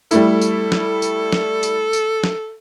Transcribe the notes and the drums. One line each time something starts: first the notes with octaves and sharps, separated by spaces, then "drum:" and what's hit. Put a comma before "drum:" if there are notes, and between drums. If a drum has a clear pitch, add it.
G3 A3 E4 A4, drum: tambourine
drum: tambourine
drum: snare
drum: tambourine
drum: snare
drum: tambourine
drum: tambourine
drum: snare